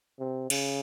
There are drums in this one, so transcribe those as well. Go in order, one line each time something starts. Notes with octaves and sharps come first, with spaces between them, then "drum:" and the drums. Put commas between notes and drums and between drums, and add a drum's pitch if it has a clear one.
C3
C#3, drum: cymbal